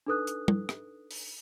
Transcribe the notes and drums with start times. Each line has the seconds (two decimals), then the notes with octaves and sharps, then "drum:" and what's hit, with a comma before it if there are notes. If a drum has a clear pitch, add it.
0.06 D4 D#4 A4 B4 D#6 F#6
0.27 drum: hi-hat
0.48 drum: tom G3
0.69 drum: rim click
1.11 drum: open hi-hat